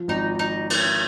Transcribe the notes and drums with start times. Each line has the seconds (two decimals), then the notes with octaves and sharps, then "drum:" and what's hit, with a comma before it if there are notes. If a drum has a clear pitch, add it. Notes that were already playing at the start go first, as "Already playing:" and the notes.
Already playing: F3
0.08 G#1 D#4
0.39 D#4
0.70 drum: cymbal